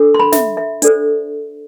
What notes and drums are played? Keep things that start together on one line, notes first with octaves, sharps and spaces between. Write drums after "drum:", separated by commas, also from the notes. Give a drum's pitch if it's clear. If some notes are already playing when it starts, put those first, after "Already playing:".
Already playing: D4 A4
C6
B5
E5, drum: snare
E5
D4 A4 C5 D5, drum: hi-hat